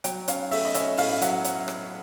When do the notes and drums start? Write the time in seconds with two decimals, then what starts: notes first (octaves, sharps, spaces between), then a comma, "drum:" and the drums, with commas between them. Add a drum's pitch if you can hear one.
0.04 F#3 G5, drum: hi-hat
0.28 C#4 F5, drum: hi-hat
0.51 A3 E5, drum: open hi-hat
0.65 D#5
0.74 C#4 E5, drum: hi-hat
0.97 A2 F5, drum: open hi-hat
1.22 F#3 F#5, drum: hi-hat
1.44 drum: hi-hat
1.68 drum: rim click